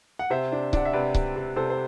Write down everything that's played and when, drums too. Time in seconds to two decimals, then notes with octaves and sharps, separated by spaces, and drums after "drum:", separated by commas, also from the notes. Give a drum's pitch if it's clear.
0.19 F#5
0.30 C3 C5 E5
0.52 D4
0.73 D4 F#5, drum: kick C#1
0.85 E5
0.93 C3 B4 D5
1.15 C3, drum: kick C#1
1.36 C3
1.56 C3 A4 C5
1.70 C5